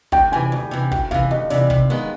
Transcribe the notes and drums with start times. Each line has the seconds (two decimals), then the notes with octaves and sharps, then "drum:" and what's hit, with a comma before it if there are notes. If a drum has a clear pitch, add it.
0.12 D2 G5, drum: kick
0.32 C3 E3 G#5
0.52 D2
0.71 C3 E3
0.92 D2 G5, drum: kick
1.11 C3 E3 F5, drum: kick
1.31 D2 D#5
1.50 C3 E3 D5, drum: snare
1.70 C3, drum: kick
1.90 D#3 G#3 B3